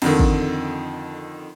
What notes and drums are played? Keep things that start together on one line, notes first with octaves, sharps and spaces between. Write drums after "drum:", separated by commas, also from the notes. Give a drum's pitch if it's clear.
F2 D3 D#3, drum: cymbal
drum: kick